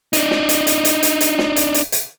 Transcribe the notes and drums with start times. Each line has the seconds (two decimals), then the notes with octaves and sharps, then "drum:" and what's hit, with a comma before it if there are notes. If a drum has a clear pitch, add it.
0.13 D4 D#4, drum: hi-hat
0.31 drum: snare
0.49 drum: hi-hat
0.67 drum: hi-hat
0.85 drum: hi-hat
1.03 drum: hi-hat
1.21 drum: hi-hat
1.38 drum: snare
1.56 drum: hi-hat
1.74 drum: hi-hat
1.92 drum: hi-hat